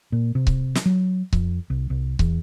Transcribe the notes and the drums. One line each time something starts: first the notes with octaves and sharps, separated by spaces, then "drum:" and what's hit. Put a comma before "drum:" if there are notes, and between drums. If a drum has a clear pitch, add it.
A#2
C3
drum: kick C#1
drum: snare
F#3
F2, drum: kick C#1
C2
C2
E2, drum: kick C#1